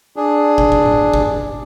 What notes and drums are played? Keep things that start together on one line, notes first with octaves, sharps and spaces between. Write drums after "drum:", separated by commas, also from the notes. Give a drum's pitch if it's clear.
D4 G#4
drum: kick
drum: kick
drum: tom G#2
drum: kick